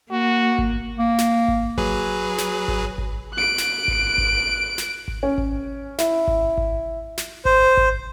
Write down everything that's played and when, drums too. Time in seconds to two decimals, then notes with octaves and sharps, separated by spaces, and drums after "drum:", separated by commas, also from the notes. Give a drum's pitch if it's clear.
0.11 A#3 F#4
0.59 drum: kick G#1
0.99 A#3
1.18 drum: snare
1.48 drum: kick G#1
1.78 F#3 G#4 B4, drum: kick G#1
2.38 drum: snare
2.68 drum: kick G#1
2.98 drum: kick G#1
3.33 F#6 D7
3.58 drum: snare
3.88 drum: kick G#1
4.18 drum: kick G#1
4.78 drum: snare
5.08 drum: kick G#1
5.23 C#4
5.38 drum: kick G#1
5.98 E4, drum: snare
6.28 drum: kick G#1
6.58 drum: kick G#1
7.18 drum: snare
7.45 C5, drum: kick G#1
7.77 drum: kick G#1